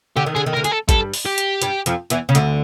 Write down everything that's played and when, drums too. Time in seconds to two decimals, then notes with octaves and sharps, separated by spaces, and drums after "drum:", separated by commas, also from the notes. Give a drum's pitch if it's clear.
0.16 D3 G4
0.26 D#3
0.35 D3 G#4
0.46 D#3
0.53 A#4
0.56 D2 D3
0.64 G#4, drum: hi-hat
0.71 A4
0.89 G2 G3 A4, drum: kick, hi-hat
1.14 drum: open hi-hat
1.26 G4
1.38 drum: hi-hat
1.62 G2 G3, drum: hi-hat
1.86 F2 F3, drum: hi-hat
2.10 E2 E3, drum: hi-hat
2.29 C#3
2.35 D2 D3, drum: hi-hat